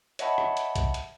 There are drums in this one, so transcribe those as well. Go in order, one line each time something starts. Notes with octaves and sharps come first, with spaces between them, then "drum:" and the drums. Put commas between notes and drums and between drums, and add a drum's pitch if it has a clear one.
C#5 D#5 E5 F#5 A5 B5, drum: hi-hat
drum: rim click
drum: hi-hat
drum: kick, hi-hat
drum: hi-hat